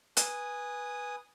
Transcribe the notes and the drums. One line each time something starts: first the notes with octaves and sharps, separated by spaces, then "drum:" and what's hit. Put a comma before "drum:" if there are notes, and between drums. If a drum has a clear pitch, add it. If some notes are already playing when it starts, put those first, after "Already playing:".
B4 G#5 D#6, drum: hi-hat